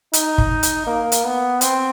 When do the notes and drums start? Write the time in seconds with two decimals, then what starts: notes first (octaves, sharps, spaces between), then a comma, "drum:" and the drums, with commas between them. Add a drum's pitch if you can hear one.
0.13 D#4, drum: hi-hat
0.38 drum: kick
0.63 drum: hi-hat
0.87 A#3
1.12 drum: hi-hat
1.24 B3
1.61 C4, drum: hi-hat